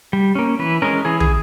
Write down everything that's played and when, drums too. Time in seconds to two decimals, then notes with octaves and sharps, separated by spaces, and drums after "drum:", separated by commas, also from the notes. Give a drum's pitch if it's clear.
0.13 G3
0.35 A#3 C#4
0.59 E3 B4
0.82 G#3 C#4 A#4
1.05 E3 G#4
1.20 G#4, drum: tom